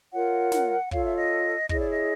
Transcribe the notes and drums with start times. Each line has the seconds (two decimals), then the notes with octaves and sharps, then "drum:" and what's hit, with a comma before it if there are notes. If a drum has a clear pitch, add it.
0.12 F4 A#4 C#5 F#5
0.52 drum: snare
0.91 F4 A4 C#5 F5, drum: kick
1.05 E5
1.17 D#5
1.69 E4 G#4 C#5 D#5, drum: kick
1.79 D5
1.90 D#5